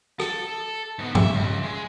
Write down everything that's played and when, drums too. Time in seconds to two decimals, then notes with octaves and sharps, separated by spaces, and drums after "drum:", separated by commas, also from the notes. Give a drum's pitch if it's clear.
0.20 A4, drum: rim click
0.99 G#2 B3
1.15 E5, drum: tom G2
1.32 C#2
1.63 G#3